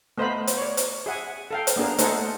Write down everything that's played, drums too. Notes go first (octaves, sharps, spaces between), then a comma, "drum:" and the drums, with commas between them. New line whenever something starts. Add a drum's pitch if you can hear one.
A3 B3 C5 D#5 F5 B5
drum: hi-hat
C#5 D5
drum: hi-hat
G#4 E5 F#5 G#5
A4 F5 G5
drum: hi-hat
A#3 B3 D4 G#4 A#4
A3 D#4 G#4 A4 C5 F#5, drum: hi-hat